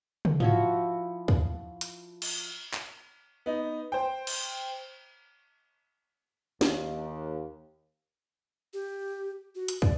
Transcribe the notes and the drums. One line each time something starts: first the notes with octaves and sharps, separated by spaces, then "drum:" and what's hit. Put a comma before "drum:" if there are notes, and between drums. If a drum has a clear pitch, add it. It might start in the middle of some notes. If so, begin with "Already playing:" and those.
drum: tom
F3 E4 F#4, drum: tom G#2
drum: kick
drum: hi-hat
drum: cymbal
drum: clap
B3 D#4
C5 G5
drum: cymbal
D#2, drum: snare
G4
F#4
drum: hi-hat
D5, drum: kick